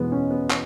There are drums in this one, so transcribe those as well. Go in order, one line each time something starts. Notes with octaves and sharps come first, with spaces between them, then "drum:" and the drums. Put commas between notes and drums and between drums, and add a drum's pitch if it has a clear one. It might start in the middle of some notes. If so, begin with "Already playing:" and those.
Already playing: E2 B2 F#3 G#3 B3
C#4
B3
drum: clap